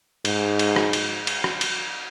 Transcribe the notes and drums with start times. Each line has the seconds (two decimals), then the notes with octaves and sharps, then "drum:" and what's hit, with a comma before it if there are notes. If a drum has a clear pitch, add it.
0.25 G#2, drum: cymbal
0.59 drum: cymbal
0.76 drum: rim click
0.93 drum: cymbal
1.27 drum: cymbal
1.44 drum: rim click
1.61 drum: cymbal